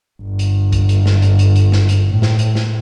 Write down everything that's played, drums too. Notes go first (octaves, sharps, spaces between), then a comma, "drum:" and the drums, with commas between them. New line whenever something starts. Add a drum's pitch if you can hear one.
G1
drum: hi-hat
drum: kick, hi-hat
drum: hi-hat
drum: snare
drum: hi-hat
drum: hi-hat
drum: hi-hat
drum: snare
drum: hi-hat
A2
drum: snare
drum: hi-hat
drum: snare